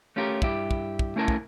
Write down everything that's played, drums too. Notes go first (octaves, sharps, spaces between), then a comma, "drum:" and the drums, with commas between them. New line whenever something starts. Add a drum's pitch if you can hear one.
A3 C#4 F4 G4 G#4 A#4
G2 E4 G4, drum: kick
drum: kick
drum: kick
A3 C#4 E4 A#4 A5
drum: kick